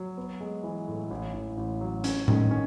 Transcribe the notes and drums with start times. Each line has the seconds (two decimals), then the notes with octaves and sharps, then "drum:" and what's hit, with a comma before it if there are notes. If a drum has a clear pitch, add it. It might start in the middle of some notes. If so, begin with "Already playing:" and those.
Already playing: F#3
0.17 B3
0.40 G#3
0.63 E3
0.88 A2
1.11 A1
1.34 A1
1.57 A1
1.81 F#3
2.04 C#4, drum: hi-hat
2.28 D#3, drum: tom A2
2.51 C#4